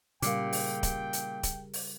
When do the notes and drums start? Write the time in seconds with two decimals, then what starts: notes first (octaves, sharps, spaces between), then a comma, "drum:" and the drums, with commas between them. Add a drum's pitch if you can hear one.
0.22 A#2 C#3 G3 A#4 F5 G5 D6, drum: hi-hat
0.53 drum: open hi-hat
0.83 drum: kick D1, hi-hat
1.13 drum: hi-hat
1.43 drum: kick D1, hi-hat
1.73 drum: open hi-hat